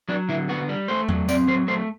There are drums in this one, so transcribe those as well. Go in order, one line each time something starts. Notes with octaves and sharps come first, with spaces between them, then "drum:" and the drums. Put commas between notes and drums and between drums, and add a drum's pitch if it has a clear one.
F#3 D4
D3 E4
B3 F#4
G3
A3 C5
F#3, drum: tom E2
C4 D5, drum: tambourine
F#3 C5
A3 C5